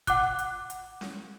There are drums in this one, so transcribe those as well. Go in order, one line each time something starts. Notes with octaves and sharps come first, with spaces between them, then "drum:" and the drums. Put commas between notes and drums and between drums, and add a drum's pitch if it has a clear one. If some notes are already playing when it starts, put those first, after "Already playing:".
F#5 D6 F#6, drum: kick, hi-hat
drum: hi-hat
drum: hi-hat
drum: snare C#4